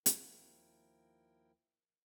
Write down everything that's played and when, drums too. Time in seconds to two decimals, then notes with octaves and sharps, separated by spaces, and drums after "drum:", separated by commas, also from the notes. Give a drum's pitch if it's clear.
0.06 D#2 F3 E4 A#4 G5, drum: hi-hat